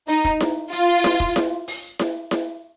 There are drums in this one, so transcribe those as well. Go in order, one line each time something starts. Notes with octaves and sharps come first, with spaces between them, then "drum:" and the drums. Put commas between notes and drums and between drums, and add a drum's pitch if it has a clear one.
D#4, drum: hi-hat
drum: kick F1
drum: snare E4
F4, drum: hi-hat
drum: snare E4
drum: kick F1
drum: snare E4
drum: open hi-hat
drum: snare E4
drum: snare E4